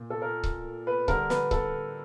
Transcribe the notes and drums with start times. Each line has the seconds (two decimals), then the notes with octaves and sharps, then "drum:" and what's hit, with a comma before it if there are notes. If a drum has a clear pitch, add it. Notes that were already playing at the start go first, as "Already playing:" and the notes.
Already playing: A#2
0.10 A4
0.22 A#4
0.44 drum: kick C#1
0.87 B4
1.08 D3 G3 A#4, drum: kick C#1
1.30 B4, drum: snare
1.51 A4, drum: kick C#1